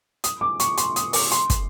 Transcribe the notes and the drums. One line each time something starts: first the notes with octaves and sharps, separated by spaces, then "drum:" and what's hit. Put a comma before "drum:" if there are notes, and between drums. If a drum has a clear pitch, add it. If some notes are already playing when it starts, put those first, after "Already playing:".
D#6, drum: hi-hat
D6
C#6, drum: hi-hat
C6, drum: hi-hat
D#6, drum: hi-hat
D6, drum: open hi-hat
C6, drum: hi-hat
drum: kick, hi-hat